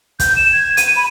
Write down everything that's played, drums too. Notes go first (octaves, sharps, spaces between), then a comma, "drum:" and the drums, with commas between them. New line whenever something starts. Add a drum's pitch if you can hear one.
G6, drum: kick, hi-hat
E7
G#6
D#7, drum: hi-hat
B5